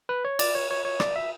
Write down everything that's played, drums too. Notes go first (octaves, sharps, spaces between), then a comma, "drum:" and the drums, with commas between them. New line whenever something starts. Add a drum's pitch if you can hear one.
B4
C#5
D5, drum: cymbal
C#5
C#5
C#5
D5, drum: rim click
E5